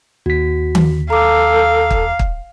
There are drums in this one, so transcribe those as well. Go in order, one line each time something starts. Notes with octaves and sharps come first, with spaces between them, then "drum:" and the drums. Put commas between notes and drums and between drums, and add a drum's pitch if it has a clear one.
D#2 F#4 B6
drum: tom D#3
A4 F5 A#5 D6
drum: kick
drum: kick